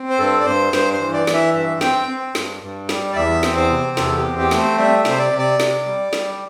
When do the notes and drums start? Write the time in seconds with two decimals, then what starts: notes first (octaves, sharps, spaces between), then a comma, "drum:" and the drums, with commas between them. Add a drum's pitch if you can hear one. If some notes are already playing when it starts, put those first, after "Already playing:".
Already playing: C4
0.10 C5
0.19 G2 A4
0.40 D5
0.46 G2 C5
0.73 G2 C5, drum: snare
0.93 C5
1.00 E3
1.13 D5
1.27 E3, drum: snare
1.34 E5
1.54 G2 E5
1.81 C4 G5, drum: snare
2.08 C4
2.35 G2, drum: snare
2.62 G2
2.89 G3, drum: snare
3.12 D5
3.16 E2 E5
3.43 C4, drum: snare
3.57 C5
3.70 C3
3.97 E2 A4, drum: snare
4.17 G4
4.24 C4
4.38 G4
4.51 A3, drum: snare
4.58 C5
4.78 G3 E5
4.99 E5
5.05 C3 C5, drum: snare
5.19 D5
5.33 C3
5.39 D5
5.60 C3, drum: snare
5.86 G3
6.13 G3, drum: snare